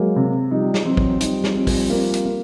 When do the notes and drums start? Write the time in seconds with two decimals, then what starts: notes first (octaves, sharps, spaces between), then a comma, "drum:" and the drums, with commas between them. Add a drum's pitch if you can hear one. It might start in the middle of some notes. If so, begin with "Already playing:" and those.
Already playing: F#3 G#3 A#3
0.16 C3
0.51 F3 G3 D#4
0.74 drum: snare
0.85 E3 F#3 C4
0.97 drum: kick
1.20 F3 G3 D#4, drum: hi-hat
1.44 drum: snare
1.56 C4
1.67 drum: kick, open hi-hat
1.90 A#3
2.14 drum: hi-hat
2.25 A#3